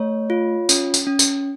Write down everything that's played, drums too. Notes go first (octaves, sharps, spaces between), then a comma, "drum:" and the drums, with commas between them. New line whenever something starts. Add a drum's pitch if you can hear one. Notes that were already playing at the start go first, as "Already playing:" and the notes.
Already playing: A3 C#5
F4
C#4, drum: tambourine
drum: tambourine
C#4
drum: tambourine